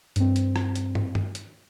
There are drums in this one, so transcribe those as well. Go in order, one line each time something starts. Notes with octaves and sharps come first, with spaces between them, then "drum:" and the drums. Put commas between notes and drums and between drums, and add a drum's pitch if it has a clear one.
G2 C4, drum: hi-hat
drum: hi-hat
drum: rim click
drum: hi-hat
drum: tom
drum: tom G2
drum: hi-hat